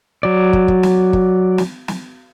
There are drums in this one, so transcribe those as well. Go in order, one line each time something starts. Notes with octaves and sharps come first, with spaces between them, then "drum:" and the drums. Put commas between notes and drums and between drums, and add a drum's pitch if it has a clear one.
F#3 D5
drum: kick
drum: kick
drum: snare
drum: kick
drum: snare
drum: snare